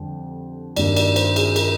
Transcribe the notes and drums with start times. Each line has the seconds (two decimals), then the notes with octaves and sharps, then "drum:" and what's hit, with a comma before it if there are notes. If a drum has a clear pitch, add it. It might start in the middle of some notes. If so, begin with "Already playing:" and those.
Already playing: F2 D3 G3
0.76 G2 D#3 G3 A#3 D5, drum: cymbal
0.96 D5, drum: cymbal
1.16 C5, drum: cymbal
1.36 G#4, drum: cymbal
1.56 A#4, drum: cymbal